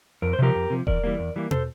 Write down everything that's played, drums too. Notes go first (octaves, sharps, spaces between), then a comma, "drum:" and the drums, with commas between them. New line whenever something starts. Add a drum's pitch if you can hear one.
F2 A#4
C5
C3 F3 G4 A#4
F2
C3 F3
E2 A#4 D5, drum: kick E1
E3 G3 A#3
E2
E3 G3 A#3
A4 C5, drum: tom B2